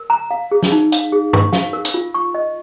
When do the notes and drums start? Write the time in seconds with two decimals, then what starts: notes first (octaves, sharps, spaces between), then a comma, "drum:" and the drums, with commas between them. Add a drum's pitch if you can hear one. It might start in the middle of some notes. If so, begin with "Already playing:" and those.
Already playing: A#4
0.10 A#5
0.31 F5
0.51 G#4
0.62 drum: snare
0.72 D#4
0.92 F5, drum: hi-hat
1.12 G#4
1.33 C#6, drum: tom G2
1.53 F5, drum: snare
1.73 A#4
1.85 drum: hi-hat
1.94 F4
2.14 C#6
2.35 D#5